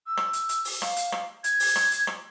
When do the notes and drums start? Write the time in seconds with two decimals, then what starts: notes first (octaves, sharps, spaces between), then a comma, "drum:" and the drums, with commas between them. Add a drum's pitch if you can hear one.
0.07 E6
0.17 drum: rim click
0.33 drum: hi-hat
0.49 drum: hi-hat
0.65 drum: open hi-hat
0.82 F5, drum: rim click
0.96 drum: hi-hat
1.12 drum: rim click
1.44 G#6, drum: hi-hat
1.60 drum: open hi-hat
1.76 drum: rim click
1.91 drum: hi-hat
2.07 drum: rim click